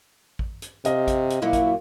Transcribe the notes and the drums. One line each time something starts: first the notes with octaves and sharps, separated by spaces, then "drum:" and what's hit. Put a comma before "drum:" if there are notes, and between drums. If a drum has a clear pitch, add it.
drum: kick A1
drum: hi-hat
C3 D#5 F5, drum: hi-hat
drum: kick A1, hi-hat
drum: hi-hat
A#2 F#3 A#3 E4
drum: kick A1, hi-hat